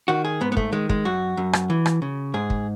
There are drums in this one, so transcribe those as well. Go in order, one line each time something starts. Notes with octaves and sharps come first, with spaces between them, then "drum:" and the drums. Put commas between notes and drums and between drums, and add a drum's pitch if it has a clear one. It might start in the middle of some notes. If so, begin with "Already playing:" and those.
D#3 F#4
G#4
G#2 B3
B3
A3, drum: kick
D#3 G#3
G#3, drum: kick
F#2 F#4
F#2
drum: rim click
E3
drum: rim click
C#3
G#2 G#4
drum: kick